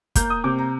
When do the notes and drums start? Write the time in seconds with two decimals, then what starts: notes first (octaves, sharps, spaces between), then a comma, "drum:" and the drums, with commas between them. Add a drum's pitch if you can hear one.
0.15 A#3 G6, drum: kick, hi-hat
0.30 D#6
0.44 C3 D6
0.58 A#5